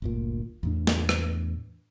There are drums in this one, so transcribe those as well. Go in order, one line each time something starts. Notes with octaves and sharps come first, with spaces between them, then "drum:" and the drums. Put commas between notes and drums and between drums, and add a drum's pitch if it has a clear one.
G1 D2 A#2
E2 A2 D4
drum: snare
drum: rim click